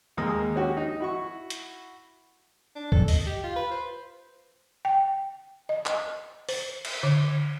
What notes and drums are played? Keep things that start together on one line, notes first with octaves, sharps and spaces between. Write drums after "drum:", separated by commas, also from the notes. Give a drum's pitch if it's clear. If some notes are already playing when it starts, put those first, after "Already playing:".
D#2 G#3 A#3 D#6
C#4 F#4 G4
D#4
E4 F#4 C#6
drum: hi-hat
D4
A4, drum: kick
D#5, drum: open hi-hat
G4
F4
B4
C5
G5
D#5
drum: clap
C5, drum: open hi-hat
drum: cymbal
D3